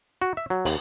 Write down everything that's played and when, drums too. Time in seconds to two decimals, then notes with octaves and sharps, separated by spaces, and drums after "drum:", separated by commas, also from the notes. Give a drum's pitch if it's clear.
0.22 F#4
0.37 E5
0.50 F#3
0.65 D#2, drum: open hi-hat